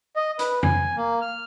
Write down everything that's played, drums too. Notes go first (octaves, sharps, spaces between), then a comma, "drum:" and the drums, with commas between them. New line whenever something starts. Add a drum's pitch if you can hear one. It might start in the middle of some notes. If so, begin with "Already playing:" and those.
D#5
B4, drum: hi-hat
G#5, drum: tom F2
A#3
F6